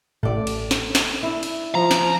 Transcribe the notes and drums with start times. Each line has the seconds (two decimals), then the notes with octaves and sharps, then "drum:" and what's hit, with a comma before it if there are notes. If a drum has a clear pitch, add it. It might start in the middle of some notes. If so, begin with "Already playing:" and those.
0.23 A1 A2 A4 D5
0.47 drum: cymbal
0.71 drum: snare
0.95 drum: snare
1.23 D4 E4
1.43 drum: cymbal
1.75 F3 A#5
1.91 drum: snare